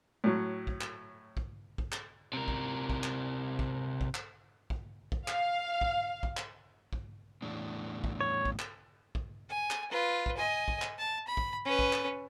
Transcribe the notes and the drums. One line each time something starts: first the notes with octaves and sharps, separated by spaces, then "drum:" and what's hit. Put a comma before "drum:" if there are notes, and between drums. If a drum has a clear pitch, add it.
A2 F#3
drum: kick
drum: clap
drum: kick
drum: kick
drum: clap
C3 A#4
drum: kick
drum: kick
drum: clap
drum: kick
drum: kick
drum: clap
drum: kick
drum: kick
F5, drum: clap
drum: kick
drum: kick
drum: clap
drum: kick
E2 A2 D4
drum: kick
C#5
drum: kick
drum: clap
drum: kick
G#5
drum: clap
F4 B4
drum: kick
D#5 G#5
drum: kick
drum: clap
A5
B5
drum: kick
C#4 B4
drum: kick
drum: clap